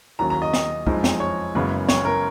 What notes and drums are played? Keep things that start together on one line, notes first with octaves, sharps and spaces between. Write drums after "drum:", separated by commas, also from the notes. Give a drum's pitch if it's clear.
D#2 D#3 F#3 C#4 A#5
A#5
D#5
D#5, drum: snare
F#1 F2 F3 G#3 D#4, drum: kick
drum: snare
C#5
F#1 F#2 C#3 G#3 B3
C#5, drum: snare
A#4